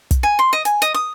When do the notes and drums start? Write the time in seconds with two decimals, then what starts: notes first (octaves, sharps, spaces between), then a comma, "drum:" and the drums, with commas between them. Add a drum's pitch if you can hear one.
0.11 drum: kick, hi-hat
0.23 G#5
0.39 C6
0.53 D#5
0.65 G#5, drum: hi-hat
0.82 D#5, drum: hi-hat
0.94 D#6